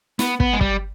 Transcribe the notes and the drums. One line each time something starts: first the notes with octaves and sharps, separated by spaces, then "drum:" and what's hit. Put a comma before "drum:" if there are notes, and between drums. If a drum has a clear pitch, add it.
B3, drum: snare
B3, drum: kick
G#3
G3, drum: kick